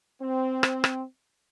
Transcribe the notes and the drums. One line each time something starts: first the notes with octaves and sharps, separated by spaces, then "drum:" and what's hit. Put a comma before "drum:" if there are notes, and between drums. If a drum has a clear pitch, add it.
C4
drum: rim click
drum: rim click